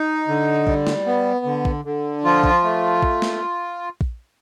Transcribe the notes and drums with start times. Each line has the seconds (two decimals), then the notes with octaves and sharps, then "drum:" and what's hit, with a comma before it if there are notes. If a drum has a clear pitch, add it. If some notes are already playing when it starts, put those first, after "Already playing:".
Already playing: D#4
0.28 D3
0.67 G3, drum: kick
0.87 drum: snare
1.06 B3
1.45 D3
1.65 drum: kick
1.85 D3
2.24 F3 F4
2.44 drum: kick
2.63 A3
3.03 drum: kick
3.22 drum: snare
4.01 drum: kick